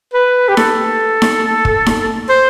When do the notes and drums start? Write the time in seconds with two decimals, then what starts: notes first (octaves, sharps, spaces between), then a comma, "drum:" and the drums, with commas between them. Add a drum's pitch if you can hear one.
0.14 B4
0.48 G4
0.57 A4, drum: snare D#4
1.22 drum: snare D#4
1.65 drum: kick
1.86 drum: snare D#4
2.29 C5